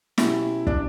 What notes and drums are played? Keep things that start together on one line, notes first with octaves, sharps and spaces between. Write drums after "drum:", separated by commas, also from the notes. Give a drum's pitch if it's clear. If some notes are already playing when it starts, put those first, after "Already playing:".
B2 F#3 C#4 E4 G4, drum: snare
D4, drum: kick